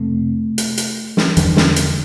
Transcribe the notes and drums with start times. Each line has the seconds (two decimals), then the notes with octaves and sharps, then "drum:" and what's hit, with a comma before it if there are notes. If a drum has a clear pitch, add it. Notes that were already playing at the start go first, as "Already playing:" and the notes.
Already playing: F2 C3 A3 C4
0.58 drum: hi-hat
0.78 drum: hi-hat
1.17 drum: snare
1.37 E2 D3, drum: hi-hat
1.57 drum: snare
1.76 drum: hi-hat